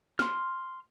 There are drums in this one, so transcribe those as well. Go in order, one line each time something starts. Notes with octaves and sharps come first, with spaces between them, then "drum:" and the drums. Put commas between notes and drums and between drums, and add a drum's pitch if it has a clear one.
C6 F6, drum: snare